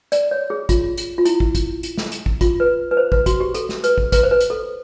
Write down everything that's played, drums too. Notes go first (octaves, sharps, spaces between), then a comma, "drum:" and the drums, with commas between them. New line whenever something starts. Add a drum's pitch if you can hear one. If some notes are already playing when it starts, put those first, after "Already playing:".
D5, drum: hi-hat
C#5
G#4
F4, drum: kick, hi-hat
drum: hi-hat
F4
E4, drum: hi-hat
drum: kick
drum: kick, hi-hat
drum: hi-hat
drum: snare
drum: hi-hat
drum: kick
F4, drum: kick, hi-hat
B4
B4
C5
B4, drum: kick
F#4, drum: kick, hi-hat
G4
A4, drum: hi-hat
drum: snare
B4, drum: hi-hat
drum: kick
B4, drum: kick, hi-hat
C5
B4
drum: hi-hat
A4